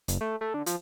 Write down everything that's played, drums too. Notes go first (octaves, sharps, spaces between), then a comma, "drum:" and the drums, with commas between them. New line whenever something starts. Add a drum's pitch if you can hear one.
F#1, drum: hi-hat
A3
A3
D3
F3, drum: hi-hat